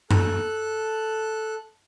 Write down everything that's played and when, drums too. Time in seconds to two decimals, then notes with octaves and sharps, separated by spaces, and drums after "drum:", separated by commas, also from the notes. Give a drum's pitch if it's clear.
0.11 A4 F#6, drum: tom F#2